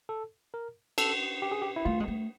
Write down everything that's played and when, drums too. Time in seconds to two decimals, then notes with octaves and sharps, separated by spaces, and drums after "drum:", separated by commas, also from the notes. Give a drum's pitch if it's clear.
0.09 A4
0.54 A#4
0.98 A4, drum: cymbal
1.42 G4
1.52 G#4
1.62 G4
1.76 E4
1.85 A3 F4
2.00 G#3
2.08 A3